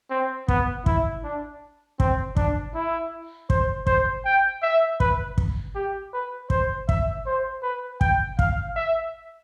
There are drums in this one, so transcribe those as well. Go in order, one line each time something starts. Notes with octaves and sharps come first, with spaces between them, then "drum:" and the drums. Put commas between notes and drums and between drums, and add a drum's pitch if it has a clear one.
C4
B3, drum: kick
E4, drum: kick
D4
C4, drum: kick
D4, drum: kick
E4
C5, drum: kick
C5, drum: kick
G5
E5
B4, drum: kick
drum: kick
G4
B4
C5, drum: kick
E5, drum: kick
C5
B4
G5, drum: kick
F5, drum: kick
E5